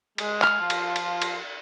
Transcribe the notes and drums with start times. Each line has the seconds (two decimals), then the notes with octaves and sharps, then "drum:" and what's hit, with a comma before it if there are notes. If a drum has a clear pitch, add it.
0.18 G#3, drum: cymbal
0.42 F6, drum: clap
0.59 F3 F4
0.70 drum: cymbal
0.96 drum: cymbal
1.22 drum: cymbal